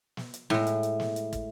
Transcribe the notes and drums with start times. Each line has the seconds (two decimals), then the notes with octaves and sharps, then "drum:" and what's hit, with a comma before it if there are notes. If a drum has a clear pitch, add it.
0.17 drum: snare
0.34 drum: hi-hat
0.50 A2 G#3, drum: snare
0.67 drum: hi-hat
0.83 drum: hi-hat
1.00 drum: snare
1.16 drum: hi-hat
1.33 drum: kick, hi-hat